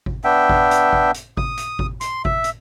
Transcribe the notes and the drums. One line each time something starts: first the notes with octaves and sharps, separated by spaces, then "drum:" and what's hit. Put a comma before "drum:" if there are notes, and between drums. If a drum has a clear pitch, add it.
drum: kick G#1
B3 D4 E5 G5
drum: kick G#1
drum: hi-hat
drum: kick G#1
drum: hi-hat
D#6, drum: kick G#1
drum: hi-hat
drum: kick G#1
C6, drum: hi-hat
E5, drum: kick G#1
drum: hi-hat